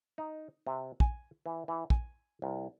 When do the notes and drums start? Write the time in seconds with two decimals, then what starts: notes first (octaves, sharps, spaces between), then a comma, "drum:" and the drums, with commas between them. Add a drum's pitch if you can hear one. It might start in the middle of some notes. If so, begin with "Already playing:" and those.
0.18 D#4
0.67 C3
1.00 G#5, drum: kick
1.46 E3
1.68 E3
1.90 G#5, drum: kick
2.42 C2